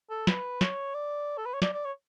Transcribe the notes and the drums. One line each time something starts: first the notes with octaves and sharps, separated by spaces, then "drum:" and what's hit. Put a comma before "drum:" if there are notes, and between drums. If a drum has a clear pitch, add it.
A4
B4, drum: snare
C#5, drum: snare
D5
A4
B4
C#5
D5, drum: snare
D5
C#5